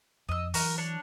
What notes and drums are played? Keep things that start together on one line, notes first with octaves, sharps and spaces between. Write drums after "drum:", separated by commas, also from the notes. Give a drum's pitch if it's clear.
F2 D#5 E6
E3 F#3 F#4 A#4, drum: open hi-hat
D4 C#5